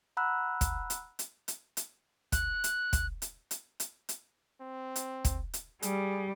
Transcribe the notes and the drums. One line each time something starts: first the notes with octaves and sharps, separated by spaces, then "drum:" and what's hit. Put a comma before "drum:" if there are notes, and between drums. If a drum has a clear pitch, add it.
F#5 A#5 B5 E6 F#6
drum: kick, hi-hat
drum: hi-hat
drum: hi-hat
drum: hi-hat
drum: hi-hat
F#6, drum: kick, hi-hat
drum: hi-hat
drum: kick, hi-hat
drum: hi-hat
drum: hi-hat
drum: hi-hat
drum: hi-hat
C4
drum: hi-hat
drum: kick, hi-hat
drum: hi-hat
G3 G#4, drum: hi-hat